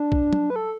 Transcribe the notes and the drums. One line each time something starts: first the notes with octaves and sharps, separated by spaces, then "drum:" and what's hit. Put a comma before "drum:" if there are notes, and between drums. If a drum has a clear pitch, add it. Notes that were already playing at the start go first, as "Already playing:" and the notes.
Already playing: D4
drum: kick
drum: tom F#3
B4
A4